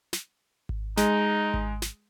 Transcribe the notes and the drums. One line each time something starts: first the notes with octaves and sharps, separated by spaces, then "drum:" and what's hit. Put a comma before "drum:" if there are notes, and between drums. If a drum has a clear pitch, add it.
drum: snare
drum: kick G#1
G#3 D#4, drum: snare
drum: kick G#1
drum: snare